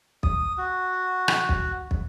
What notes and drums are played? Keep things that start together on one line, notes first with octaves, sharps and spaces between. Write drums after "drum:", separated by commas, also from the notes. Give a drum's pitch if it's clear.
D#6, drum: kick
F#4
drum: rim click
drum: kick
drum: kick